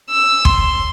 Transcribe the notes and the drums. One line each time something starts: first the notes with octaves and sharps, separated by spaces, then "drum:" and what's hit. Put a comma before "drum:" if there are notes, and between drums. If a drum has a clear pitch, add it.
E6
C6, drum: kick